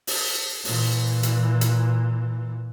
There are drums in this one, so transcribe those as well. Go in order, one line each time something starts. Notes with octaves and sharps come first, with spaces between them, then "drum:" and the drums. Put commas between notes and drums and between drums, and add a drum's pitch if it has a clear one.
drum: open hi-hat
A#2 E3, drum: open hi-hat
drum: hi-hat
drum: hi-hat